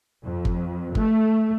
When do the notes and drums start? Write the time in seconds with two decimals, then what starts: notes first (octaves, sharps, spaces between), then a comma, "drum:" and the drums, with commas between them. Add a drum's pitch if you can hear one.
0.25 F2
0.45 drum: kick G1
0.95 A3, drum: kick G1